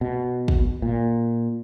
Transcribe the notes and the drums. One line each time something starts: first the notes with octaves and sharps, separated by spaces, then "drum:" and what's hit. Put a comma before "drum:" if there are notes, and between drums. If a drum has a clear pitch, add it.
B2
drum: kick
A#2